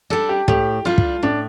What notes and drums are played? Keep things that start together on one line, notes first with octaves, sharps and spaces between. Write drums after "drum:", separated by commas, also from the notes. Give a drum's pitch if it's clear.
G3 D4 A4
G4
A2 G4, drum: kick
G3 D4 F4
drum: kick
A2 D4